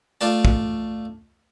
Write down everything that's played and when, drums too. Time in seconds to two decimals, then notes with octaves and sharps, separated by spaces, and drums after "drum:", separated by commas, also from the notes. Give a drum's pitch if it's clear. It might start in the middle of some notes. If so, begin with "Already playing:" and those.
0.21 A3 F4 D5 A5
0.45 drum: kick